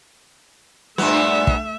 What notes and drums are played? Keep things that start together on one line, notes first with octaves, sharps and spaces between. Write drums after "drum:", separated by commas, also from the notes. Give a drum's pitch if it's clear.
G2 A#2 A3 B3 E5, drum: snare
drum: kick